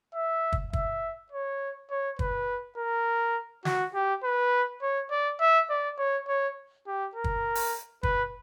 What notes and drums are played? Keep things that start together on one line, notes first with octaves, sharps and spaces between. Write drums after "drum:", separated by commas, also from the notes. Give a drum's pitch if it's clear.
E5
drum: kick
E5, drum: kick
C#5
C#5
B4, drum: kick
A#4
F#4, drum: snare
G4
B4
C#5
D5
E5
D5
C#5
C#5
G4
A#4
drum: kick
drum: open hi-hat
B4, drum: kick